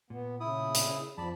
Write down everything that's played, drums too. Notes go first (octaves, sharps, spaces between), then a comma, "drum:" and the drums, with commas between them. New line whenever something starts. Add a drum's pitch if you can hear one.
A#2 B3
C#3 E4 D#6
drum: hi-hat
F2 F3 D5 A5 B5